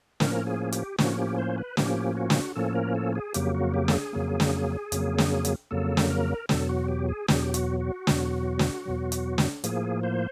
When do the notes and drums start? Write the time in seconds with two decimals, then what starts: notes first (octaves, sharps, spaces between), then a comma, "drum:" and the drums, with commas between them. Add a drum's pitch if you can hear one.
0.20 A2 F3 A#3 C#4 A#4, drum: snare
0.47 G#4
0.72 G4, drum: hi-hat
0.98 A2 F3 A#3 C#4 F#4, drum: snare
1.18 G4
1.38 C5
1.58 B4
1.77 A2 F3 A#3 C#4 G4, drum: snare
2.17 F#4
2.30 drum: snare
2.56 A2 F3 A#3 C#4 A4
2.75 A#4
2.95 A4
3.15 G#4
3.34 F2 C#3 F#3 A#3 G4, drum: hi-hat
3.54 F#4
3.74 G4
3.88 A4, drum: snare
3.94 G#4
4.13 F2 C#3 F#3 A#3
4.40 drum: snare
4.92 F2 C#3 F#3 A#3, drum: hi-hat
5.18 drum: snare
5.45 drum: hi-hat
5.71 F2 C#3 F#3 A#3 A4
5.97 drum: snare
6.10 A#4
6.49 E2 B2 F#3 A4, drum: snare
6.69 F#4
6.88 G4
7.09 G#4
7.28 E2 B2 F#3 G4, drum: snare
7.35 G#4
7.43 G4
7.54 F#4, drum: hi-hat
7.80 F#4
8.07 E2 B2 F#3, drum: snare
8.59 drum: snare
8.85 E2 B2 F#3
9.12 drum: hi-hat
9.38 drum: snare
9.64 A2 F3 A#3 G#4, drum: hi-hat
10.03 C5